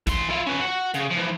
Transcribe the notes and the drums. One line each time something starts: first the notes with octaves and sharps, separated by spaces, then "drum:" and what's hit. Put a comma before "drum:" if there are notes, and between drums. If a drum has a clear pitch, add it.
E3 C6, drum: kick A1, hi-hat
E4 F4
C#4 B4
F#4
C#3, drum: hi-hat
E3 F3